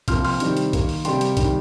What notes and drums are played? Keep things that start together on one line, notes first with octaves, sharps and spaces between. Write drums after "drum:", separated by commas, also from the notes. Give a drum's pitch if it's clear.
C3 F3 A#3 C6 F6, drum: kick, hi-hat
C6 F6, drum: open hi-hat
C3 D#3 G3 C4, drum: hi-hat
drum: hi-hat
D#3 A#3, drum: kick, hi-hat
drum: open hi-hat
C3 G3 A#3 G5 C6, drum: hi-hat
drum: hi-hat
C3 D#3 G3, drum: kick, hi-hat